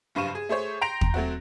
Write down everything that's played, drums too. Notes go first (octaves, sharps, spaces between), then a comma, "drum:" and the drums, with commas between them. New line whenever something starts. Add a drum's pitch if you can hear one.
F#1 G2 F5 C#6 D#7 E7
G#4
A3 G#4 C5 C#5
G5 A#5 C6 A#6 D7 F7
drum: kick
F#3 A3 C4 F#4